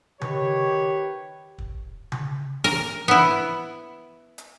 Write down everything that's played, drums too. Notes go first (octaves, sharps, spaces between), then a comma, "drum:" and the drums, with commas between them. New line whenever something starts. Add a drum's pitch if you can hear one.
D#3 G4 B4 C#5, drum: tom C#3
drum: kick
drum: tom C#3
A#4, drum: open hi-hat
B3 E4
drum: hi-hat